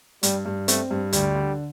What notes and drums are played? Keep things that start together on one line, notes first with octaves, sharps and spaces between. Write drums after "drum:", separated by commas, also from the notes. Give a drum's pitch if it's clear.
G2 G3, drum: hi-hat
G2
A3 C4, drum: hi-hat
G2
D2 G3, drum: hi-hat
D3